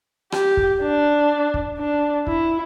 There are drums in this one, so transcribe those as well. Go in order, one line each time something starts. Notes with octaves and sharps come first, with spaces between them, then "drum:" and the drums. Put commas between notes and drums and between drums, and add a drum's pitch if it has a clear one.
G4, drum: rim click
drum: kick
D4
drum: kick
D4
E4, drum: kick